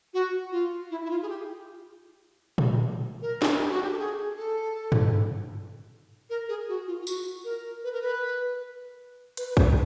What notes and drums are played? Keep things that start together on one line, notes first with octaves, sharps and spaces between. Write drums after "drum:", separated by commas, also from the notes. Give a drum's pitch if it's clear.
F#4
F4
E4
E4
F4
G#4
G4
drum: tom A#2
A#4
drum: snare
G4
F#4
G4
A4
G#4
A4
drum: tom G2
A#4
G#4
F#4
F4
F4
F#4, drum: tambourine
A#4
B4
A#4
B4
B4, drum: hi-hat
B4
C5, drum: kick